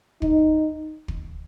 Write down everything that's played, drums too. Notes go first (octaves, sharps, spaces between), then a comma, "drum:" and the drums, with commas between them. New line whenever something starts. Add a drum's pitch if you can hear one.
D#4, drum: kick
drum: kick